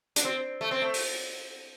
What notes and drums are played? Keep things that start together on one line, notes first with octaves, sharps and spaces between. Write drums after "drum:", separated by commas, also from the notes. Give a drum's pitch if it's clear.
D4, drum: hi-hat
C4
A3
C4
A3
drum: open hi-hat